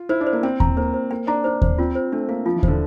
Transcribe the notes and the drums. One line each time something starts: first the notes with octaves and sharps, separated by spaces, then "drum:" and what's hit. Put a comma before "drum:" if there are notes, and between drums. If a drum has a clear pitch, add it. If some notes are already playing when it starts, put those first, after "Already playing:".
Already playing: F4
E4 C5
D4
C5
A#3
C4 G5
A#5, drum: kick D#2
A#3 C5
C5
A#3 G5
D4 A#5
D4 C5
C5, drum: kick D#2
C4 F4
C5
A3 D4
A#3 F5
F3 F4
E3
D3 C5, drum: kick D#2